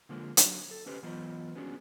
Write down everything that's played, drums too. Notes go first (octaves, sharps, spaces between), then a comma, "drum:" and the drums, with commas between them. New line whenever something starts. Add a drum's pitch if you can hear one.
D3 F3 G#3 A#3 C4
F#3 D4, drum: hi-hat
A4
C#4 G4 B4 C5
E3 F#3 B3 F4 C5 D#5
B3 C#4 D4 F#4 G#4